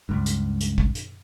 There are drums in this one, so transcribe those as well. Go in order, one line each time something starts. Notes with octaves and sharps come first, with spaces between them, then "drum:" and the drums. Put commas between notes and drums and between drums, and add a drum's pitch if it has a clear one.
C#2 G2
drum: hi-hat
drum: hi-hat
drum: kick
drum: hi-hat